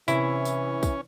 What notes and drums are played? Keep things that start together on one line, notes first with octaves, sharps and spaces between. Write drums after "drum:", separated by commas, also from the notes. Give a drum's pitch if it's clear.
C3 E3 C#4 E4, drum: tambourine
drum: tambourine
drum: kick, tambourine